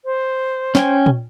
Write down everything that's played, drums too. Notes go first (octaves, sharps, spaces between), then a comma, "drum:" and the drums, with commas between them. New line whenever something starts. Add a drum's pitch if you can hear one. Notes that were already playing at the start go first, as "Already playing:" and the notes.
C5
C#4 G5 G#5, drum: snare
drum: tom A#2